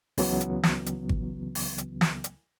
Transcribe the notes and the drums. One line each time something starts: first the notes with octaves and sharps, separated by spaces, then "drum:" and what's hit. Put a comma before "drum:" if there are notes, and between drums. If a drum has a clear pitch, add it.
C#2 C#3 E3 F#3 B3, drum: open hi-hat
drum: hi-hat
drum: snare
drum: hi-hat
drum: kick G#1
drum: open hi-hat
drum: hi-hat
drum: snare
drum: hi-hat